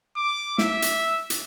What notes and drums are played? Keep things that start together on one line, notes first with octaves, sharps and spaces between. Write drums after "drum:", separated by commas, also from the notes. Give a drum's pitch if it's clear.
D6
E5, drum: snare
drum: hi-hat
drum: hi-hat